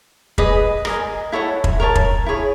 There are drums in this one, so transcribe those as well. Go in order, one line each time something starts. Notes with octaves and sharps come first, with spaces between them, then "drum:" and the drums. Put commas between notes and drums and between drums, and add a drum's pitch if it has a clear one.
G#4 B4 D#5, drum: kick
A#4 D#5 G#5, drum: rim click
E4 A4 C#5 F#5
drum: kick
A#4 C#5 E5 A5
drum: kick
E4 G#4 C#5